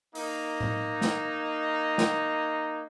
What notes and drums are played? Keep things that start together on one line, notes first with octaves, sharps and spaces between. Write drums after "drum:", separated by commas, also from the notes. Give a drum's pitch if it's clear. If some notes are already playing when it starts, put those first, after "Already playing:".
A#3 D#4, drum: open hi-hat
drum: tom A2
drum: snare
drum: snare